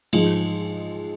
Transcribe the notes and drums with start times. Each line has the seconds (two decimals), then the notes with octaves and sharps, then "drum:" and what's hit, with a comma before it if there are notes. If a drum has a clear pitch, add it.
0.13 G#2 F3 G#3, drum: cymbal